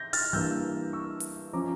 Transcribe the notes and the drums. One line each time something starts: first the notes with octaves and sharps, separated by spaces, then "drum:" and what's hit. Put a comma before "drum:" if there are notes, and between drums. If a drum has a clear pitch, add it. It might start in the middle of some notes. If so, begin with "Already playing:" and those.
Already playing: G6 A#6
F6 A6, drum: open hi-hat
G2 E3 A#3 E6 G6
C#6 E6
drum: hi-hat
F3 C#4 A#5 D6